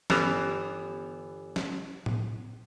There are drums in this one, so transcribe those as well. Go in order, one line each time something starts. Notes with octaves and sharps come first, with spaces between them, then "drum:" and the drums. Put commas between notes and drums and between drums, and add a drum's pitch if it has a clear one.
G1 E3 G3 B3 C5 A#5, drum: snare
drum: snare
drum: tom A2